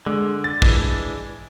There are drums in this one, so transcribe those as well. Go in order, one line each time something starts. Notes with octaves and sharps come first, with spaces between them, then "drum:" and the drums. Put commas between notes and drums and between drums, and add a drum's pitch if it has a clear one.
D3 G#3
A6
E3 G#3 D4, drum: kick